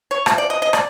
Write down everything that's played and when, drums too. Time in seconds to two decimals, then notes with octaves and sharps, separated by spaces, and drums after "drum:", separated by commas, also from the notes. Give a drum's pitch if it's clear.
0.11 C#5
0.26 C3 F3, drum: rim click
0.38 D5
0.50 D#5
0.62 D#5
0.73 D5, drum: rim click